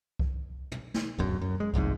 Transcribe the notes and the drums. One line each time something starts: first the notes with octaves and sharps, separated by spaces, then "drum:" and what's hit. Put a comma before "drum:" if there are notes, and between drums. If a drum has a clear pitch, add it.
drum: kick C2
drum: tom
drum: snare
D1 B1 F#2
F#2
G#3
G1 C2 F2 G#2, drum: kick C2